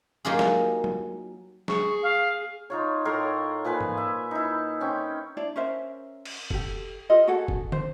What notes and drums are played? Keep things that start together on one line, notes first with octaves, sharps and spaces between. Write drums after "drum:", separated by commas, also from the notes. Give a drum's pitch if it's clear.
F#3 A#3 D#4 F4 G4 G#4
drum: snare
drum: tom F#3
G#4 C#6, drum: snare
F5
D#4 F4 C#5
A2 A#4 C#5 C6
A#2 F3 B4 G#5
drum: tom G#2
E5
D#4 E4
C4 C#4 G5
D4 E4 D5
C#4 A#4 C5 E5
drum: cymbal
G4 A4, drum: kick F1
F4 G4 A4 D#5
F#4 G#4 A4 F#5
drum: kick F1
C5, drum: tom